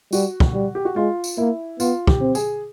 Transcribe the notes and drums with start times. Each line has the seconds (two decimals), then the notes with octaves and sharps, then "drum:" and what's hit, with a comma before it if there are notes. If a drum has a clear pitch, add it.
0.12 G3 F#4, drum: tambourine
0.40 drum: kick
0.54 G3
0.75 G4
0.85 F#4
0.96 G#3 F4
1.24 drum: tambourine
1.38 A#3 E4
1.80 B3 F4, drum: tambourine
2.07 G4, drum: kick
2.21 C4
2.35 G#4, drum: tambourine